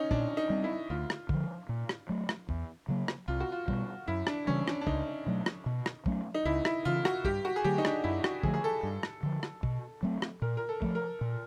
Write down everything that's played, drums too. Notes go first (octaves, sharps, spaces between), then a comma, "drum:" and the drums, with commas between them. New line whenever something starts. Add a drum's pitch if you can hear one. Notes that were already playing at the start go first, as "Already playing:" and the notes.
Already playing: C#4 D#4
A#2 D4, drum: kick
D#4
G3 C4
E4
D2 F4
drum: rim click
D3 F3, drum: kick
A#2
drum: rim click
F#3 A3
drum: rim click
E2, drum: kick
C#3 F#3 A#3
drum: rim click
C2 F4
F#4
F4
B2 G3, drum: kick
F#2 E4
D4, drum: rim click
C#3 E3 G3 C#4
D4, drum: rim click
D4
C#2 D#4, drum: kick
B2 F#3 A3
drum: rim click
B2
drum: rim click
F#3 A3 C#4, drum: kick
D#4
C#2 E4
E4, drum: rim click
C#3 E3 F4
F#4, drum: rim click
G2 G4, drum: kick
F#4
G#4
D3 F#3 A3 G4
D#4
D4, drum: rim click
F#2 E4
F#4, drum: rim click
D3 F3 A3 G#4, drum: kick
G#4
A4
G2
drum: rim click
D3 F3
drum: rim click
B2, drum: kick
F#3 A3 C4
drum: rim click
A#2 A#4
A#4
A4
F3 A3, drum: kick
A#4
A#2